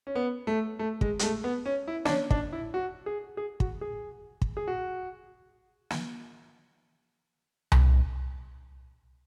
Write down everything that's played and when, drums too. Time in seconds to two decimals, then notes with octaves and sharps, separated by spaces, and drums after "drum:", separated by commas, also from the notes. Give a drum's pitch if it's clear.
0.07 C#4
0.15 B3
0.47 A3
0.79 A3
1.01 G#3, drum: kick
1.19 G#3, drum: hi-hat
1.23 A3
1.44 B3
1.66 C#4
1.88 E4
2.05 D4, drum: snare
2.09 C#4
2.30 D4, drum: kick
2.53 E4
2.74 F#4
3.06 G#4
3.37 G#4
3.60 F#4, drum: kick
3.81 G#4
4.42 drum: kick
4.57 G#4
4.68 F#4
5.90 drum: snare
7.72 drum: tom C2